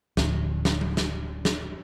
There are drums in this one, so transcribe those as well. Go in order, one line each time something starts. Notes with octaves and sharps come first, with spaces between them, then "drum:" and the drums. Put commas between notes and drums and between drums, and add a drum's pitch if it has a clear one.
D1 D2 F3, drum: snare
drum: snare
drum: tom F#3
drum: snare
drum: snare